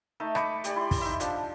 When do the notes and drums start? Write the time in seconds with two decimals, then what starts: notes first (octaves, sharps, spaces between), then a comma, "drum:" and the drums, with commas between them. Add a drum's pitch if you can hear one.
0.20 A3 D#4 E5 A5
0.35 D#5 B5 C#6 D6, drum: rim click
0.64 G4 D5 G#5, drum: hi-hat
0.76 E4 C6
0.91 drum: kick, open hi-hat
1.01 D#4 E5
1.20 F3 D4, drum: hi-hat